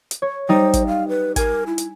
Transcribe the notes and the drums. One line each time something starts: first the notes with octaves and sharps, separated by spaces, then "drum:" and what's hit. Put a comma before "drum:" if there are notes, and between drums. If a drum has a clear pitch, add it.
drum: hi-hat
C#5
G3 D#4 C5
drum: kick, hi-hat
F5
B4
A#4 G#5, drum: kick, hi-hat
E4
drum: hi-hat